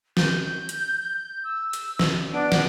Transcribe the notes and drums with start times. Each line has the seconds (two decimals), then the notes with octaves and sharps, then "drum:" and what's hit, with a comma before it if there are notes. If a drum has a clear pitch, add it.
0.17 G6, drum: snare
0.69 drum: hi-hat
1.16 G6
1.44 E6
1.73 drum: hi-hat
1.99 drum: snare
2.33 B3 D4 D7
2.52 drum: snare